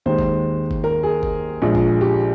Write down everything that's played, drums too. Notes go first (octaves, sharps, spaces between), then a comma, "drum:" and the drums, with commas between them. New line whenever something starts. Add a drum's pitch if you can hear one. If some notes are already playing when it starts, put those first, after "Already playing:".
D#2 D#3 G#3 C5
drum: kick G1
drum: kick G1
A#4
G#4
drum: kick G1
A#1 A#2 G#3
drum: kick G1
G4